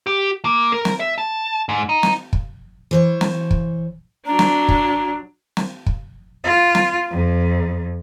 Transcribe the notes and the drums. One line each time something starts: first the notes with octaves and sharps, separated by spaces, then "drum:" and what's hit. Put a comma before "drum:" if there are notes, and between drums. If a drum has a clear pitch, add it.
G4
A#3
A#4
drum: snare
E5
A5
G#2
D#4
drum: snare
drum: kick
E3 C5 C#5
drum: snare
drum: kick
F#3 D4 A#5
drum: snare
drum: kick
drum: snare
drum: kick
F4
drum: snare
F2